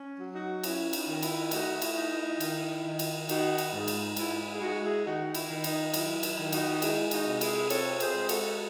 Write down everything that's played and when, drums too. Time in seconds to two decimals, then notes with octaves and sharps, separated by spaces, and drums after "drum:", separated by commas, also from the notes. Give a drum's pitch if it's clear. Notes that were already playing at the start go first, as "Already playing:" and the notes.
Already playing: C#4
0.20 F#3
0.34 D#4 F#4
0.63 C#4 E4, drum: cymbal
0.93 D#4, drum: cymbal
1.08 D#3
1.23 E4, drum: cymbal
1.51 A3 D#4 F#4, drum: cymbal
1.82 E4, drum: cymbal
1.96 D#4
2.11 E4
2.40 D#3, drum: cymbal
2.85 D#3
2.99 drum: cymbal
3.29 D#3 D#4 F#4, drum: cymbal
3.58 drum: cymbal
3.73 G#2 D#4
3.88 drum: cymbal
4.16 G#2 E4, drum: cymbal
4.39 E4
4.53 G#4
4.61 G#3 D#4 F#4
4.83 E4 G#4
5.05 D#3 D#4 F#4
5.34 E4, drum: cymbal
5.50 D#3
5.64 D#4, drum: cymbal
5.94 F#3 E4, drum: cymbal
6.23 E4, drum: cymbal
6.38 D#3
6.52 D#4 F#4, drum: cymbal
6.82 G#3 E4, drum: cymbal
7.11 D#4 F#4, drum: cymbal
7.27 C3
7.41 E4 G#4, drum: cymbal
7.70 C4 A4 C#5, drum: cymbal
8.00 G#4 C5, drum: cymbal
8.14 G#3
8.29 F#4 A4, drum: cymbal